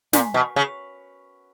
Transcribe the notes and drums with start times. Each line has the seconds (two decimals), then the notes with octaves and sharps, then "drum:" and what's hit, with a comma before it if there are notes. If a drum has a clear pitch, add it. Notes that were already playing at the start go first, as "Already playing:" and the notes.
0.13 A#2, drum: snare
0.34 B2
0.56 C#3